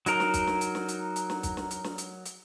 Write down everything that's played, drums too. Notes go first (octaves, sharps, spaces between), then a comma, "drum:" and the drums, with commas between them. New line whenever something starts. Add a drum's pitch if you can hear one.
F#3 D#4 A#4, drum: hi-hat
drum: snare
drum: kick, hi-hat
drum: snare
drum: hi-hat
drum: snare
drum: hi-hat
drum: hi-hat
drum: snare
drum: kick, hi-hat
drum: snare
drum: hi-hat
drum: snare
drum: hi-hat
drum: hi-hat